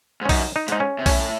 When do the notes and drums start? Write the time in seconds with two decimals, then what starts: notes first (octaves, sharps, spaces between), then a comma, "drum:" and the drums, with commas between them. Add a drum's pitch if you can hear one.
0.21 G#2
0.25 C#4
0.29 F#2 D#4, drum: kick B1, open hi-hat
0.56 D#4
0.68 G#2 D#4, drum: hi-hat
0.80 C#4
0.99 C3
1.06 A2 C#4, drum: kick B1, open hi-hat